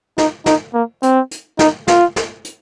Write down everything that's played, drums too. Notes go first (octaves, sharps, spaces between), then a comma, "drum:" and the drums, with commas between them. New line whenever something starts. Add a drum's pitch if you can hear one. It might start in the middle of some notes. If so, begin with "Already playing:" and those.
D#4, drum: snare
D#4, drum: snare
A#3
C4, drum: hi-hat
drum: hi-hat
D#4, drum: snare
F4, drum: snare
drum: snare
drum: hi-hat